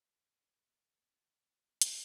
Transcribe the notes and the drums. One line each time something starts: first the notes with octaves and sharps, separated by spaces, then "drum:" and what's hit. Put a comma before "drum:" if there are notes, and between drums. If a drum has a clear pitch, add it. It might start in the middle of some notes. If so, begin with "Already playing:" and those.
A4
D#5
A#3
C4
A#3
G4
D#5
B3
F#4
E4, drum: hi-hat